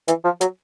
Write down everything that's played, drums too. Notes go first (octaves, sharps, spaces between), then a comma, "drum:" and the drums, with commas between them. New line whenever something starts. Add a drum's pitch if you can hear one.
E3, drum: hi-hat
F3
F#3, drum: hi-hat